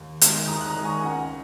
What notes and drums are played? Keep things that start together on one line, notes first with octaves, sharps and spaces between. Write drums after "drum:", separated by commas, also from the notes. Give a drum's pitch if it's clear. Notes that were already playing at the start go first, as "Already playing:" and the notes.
Already playing: D#2
D#3 G#3, drum: hi-hat
D#2 A#5 D#6
F#6
A#5 D#6
D#3 G#3
G#5 C#6
C#2 F#5 A#5